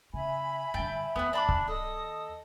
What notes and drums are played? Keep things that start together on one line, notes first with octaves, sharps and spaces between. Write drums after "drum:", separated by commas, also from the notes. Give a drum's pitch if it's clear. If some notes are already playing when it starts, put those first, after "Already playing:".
C#3 E5 G#5 B5
G2 D3 G5 A5
D#2 B3 B4
D4 A5 B5 D6
drum: kick C#1
A4 D#5 D#6